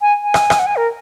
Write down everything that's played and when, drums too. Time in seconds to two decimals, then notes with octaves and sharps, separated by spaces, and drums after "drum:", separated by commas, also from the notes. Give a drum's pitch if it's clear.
0.01 G#5
0.23 G#5
0.34 drum: rim click
0.50 drum: rim click
0.59 F#5
0.66 G#5
0.76 A#4